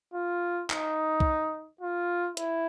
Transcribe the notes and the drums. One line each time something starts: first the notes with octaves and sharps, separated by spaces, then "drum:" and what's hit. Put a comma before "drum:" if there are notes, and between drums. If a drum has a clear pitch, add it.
F4
D#4, drum: clap
drum: kick B1
F4
E4, drum: hi-hat